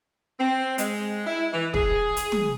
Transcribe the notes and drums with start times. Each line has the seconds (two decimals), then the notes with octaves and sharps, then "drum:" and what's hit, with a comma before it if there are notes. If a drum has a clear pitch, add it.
0.39 C4
0.78 G#3, drum: hi-hat
1.26 E4
1.53 E3
1.74 G#4, drum: kick
2.17 drum: hi-hat
2.32 drum: tom